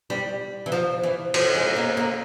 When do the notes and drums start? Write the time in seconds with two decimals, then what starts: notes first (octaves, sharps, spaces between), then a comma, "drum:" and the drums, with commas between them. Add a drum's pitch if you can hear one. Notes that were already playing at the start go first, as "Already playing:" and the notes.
0.10 G3
0.66 E3
0.72 F3
1.03 E3
1.34 F3, drum: cymbal
1.55 G#3
1.76 A#3
1.97 A#3